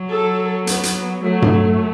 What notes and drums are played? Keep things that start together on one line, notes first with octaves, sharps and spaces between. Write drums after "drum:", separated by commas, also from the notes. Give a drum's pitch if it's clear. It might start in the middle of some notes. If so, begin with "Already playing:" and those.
Already playing: F#3
A4
B3, drum: hi-hat
drum: hi-hat
F#3 A3
drum: tom G2